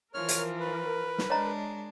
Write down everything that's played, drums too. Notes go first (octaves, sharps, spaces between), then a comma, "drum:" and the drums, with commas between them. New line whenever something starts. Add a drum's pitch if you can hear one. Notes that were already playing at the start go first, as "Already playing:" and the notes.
E3 F3 A#4 C#5 F6
drum: hi-hat
B4
drum: snare
G#3 D4 C#5 D#5 A#5